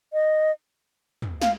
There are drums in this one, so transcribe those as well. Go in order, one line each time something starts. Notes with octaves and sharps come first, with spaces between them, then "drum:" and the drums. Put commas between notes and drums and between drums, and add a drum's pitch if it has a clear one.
D#5
drum: tom
F5, drum: snare